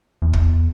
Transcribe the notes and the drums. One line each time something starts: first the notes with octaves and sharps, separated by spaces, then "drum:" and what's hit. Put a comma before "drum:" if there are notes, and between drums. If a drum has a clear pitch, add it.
E2
drum: kick